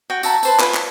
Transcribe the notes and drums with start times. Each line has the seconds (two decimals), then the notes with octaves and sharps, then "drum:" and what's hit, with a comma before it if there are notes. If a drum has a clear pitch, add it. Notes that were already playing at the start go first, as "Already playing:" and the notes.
0.10 F#4 G5
0.23 F#4 E5 A5 A#5, drum: tambourine
0.43 B4 C5 A5, drum: tambourine
0.60 F4 B4 G#5 B5, drum: clap
0.74 drum: clap